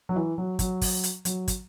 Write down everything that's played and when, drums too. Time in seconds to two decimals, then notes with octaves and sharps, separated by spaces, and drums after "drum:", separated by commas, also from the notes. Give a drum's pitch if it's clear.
0.09 F#3
0.16 E3
0.38 F#3
0.59 F#3, drum: kick, hi-hat
0.82 drum: kick, open hi-hat
1.04 drum: hi-hat
1.25 F#3, drum: hi-hat
1.48 drum: kick, hi-hat